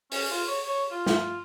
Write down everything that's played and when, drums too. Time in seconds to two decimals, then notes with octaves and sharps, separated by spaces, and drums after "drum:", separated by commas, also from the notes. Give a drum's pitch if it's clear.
0.12 C#4, drum: open hi-hat
0.31 F4
0.48 C#5
0.66 C#5
0.91 F4
1.06 drum: snare